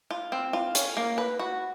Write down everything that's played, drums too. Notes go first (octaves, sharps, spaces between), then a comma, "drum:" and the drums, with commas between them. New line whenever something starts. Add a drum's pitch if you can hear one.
F4
C4
F4
C#4, drum: hi-hat
A#3
B4
F#4